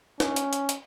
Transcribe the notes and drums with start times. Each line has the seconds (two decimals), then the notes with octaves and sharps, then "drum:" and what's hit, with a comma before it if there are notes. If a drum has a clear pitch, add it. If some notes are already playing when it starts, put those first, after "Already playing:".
0.20 C#4, drum: snare
0.36 drum: hi-hat
0.53 drum: hi-hat
0.69 drum: hi-hat